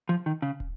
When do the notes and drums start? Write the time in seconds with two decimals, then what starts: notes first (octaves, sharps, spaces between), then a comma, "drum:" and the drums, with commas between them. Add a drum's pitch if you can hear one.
0.09 F3
0.26 D#3
0.42 C#3
0.60 drum: kick